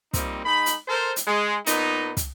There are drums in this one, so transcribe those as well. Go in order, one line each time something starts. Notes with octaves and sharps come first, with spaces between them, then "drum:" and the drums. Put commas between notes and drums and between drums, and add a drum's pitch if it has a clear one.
F3 G3 A#3 C4 D#4, drum: kick, hi-hat
G#3 D#4 B5
drum: hi-hat
A4 A#4 C5
drum: hi-hat
G#3
A#2 B3 D#4, drum: hi-hat
drum: kick, hi-hat